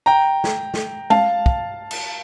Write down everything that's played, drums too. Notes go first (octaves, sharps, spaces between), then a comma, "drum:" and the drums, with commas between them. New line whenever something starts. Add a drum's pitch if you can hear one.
G5 A#5
drum: snare
drum: snare
F5 A5, drum: tom G#3
drum: kick
drum: cymbal